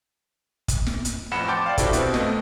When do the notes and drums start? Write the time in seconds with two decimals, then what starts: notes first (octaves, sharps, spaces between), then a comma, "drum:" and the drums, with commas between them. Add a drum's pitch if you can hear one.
0.68 drum: kick, hi-hat
0.87 drum: snare
1.05 drum: hi-hat
1.31 A1 F2 F#5 B5 C#7 E7
1.48 G5 A5 C6 D6 G6 A6
1.66 D5 F5
1.78 D4 E4 F#4 G4 A4 C5, drum: kick, hi-hat
1.93 B2 C4 B4, drum: hi-hat
2.14 C#2 A3 D#5, drum: snare